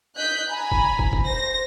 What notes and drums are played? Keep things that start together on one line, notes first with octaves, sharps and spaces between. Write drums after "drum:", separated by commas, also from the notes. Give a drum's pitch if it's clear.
D#5 F#6 G6 B6
G#5 A#5 B5
drum: kick
drum: kick
drum: kick
C5 A#6